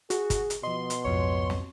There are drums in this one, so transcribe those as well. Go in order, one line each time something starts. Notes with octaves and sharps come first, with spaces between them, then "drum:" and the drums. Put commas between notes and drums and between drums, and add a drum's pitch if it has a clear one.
F#4 G#4, drum: hi-hat
drum: kick, hi-hat
drum: hi-hat
B2 F3 D#5 C6
drum: hi-hat
B1 F2 G#2 C#5
drum: snare